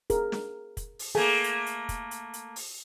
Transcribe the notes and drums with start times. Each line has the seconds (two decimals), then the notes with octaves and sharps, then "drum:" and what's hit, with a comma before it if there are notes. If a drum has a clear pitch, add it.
0.10 G#4 A#4, drum: kick, hi-hat
0.32 drum: snare
0.77 drum: kick, hi-hat
0.99 drum: open hi-hat
1.15 A3 A#3 G#4 A4 G#5
1.44 drum: hi-hat
1.66 drum: hi-hat
1.89 drum: kick, hi-hat
2.11 drum: hi-hat
2.34 drum: hi-hat
2.56 drum: open hi-hat